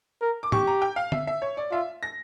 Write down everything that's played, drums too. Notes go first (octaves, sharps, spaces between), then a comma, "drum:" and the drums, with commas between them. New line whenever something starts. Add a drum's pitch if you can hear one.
A#4
D6
G4 C#6, drum: tom G#2
A#5
G5
F5
E5, drum: tom D3
E5
C#5
D5
F4 E5
A#6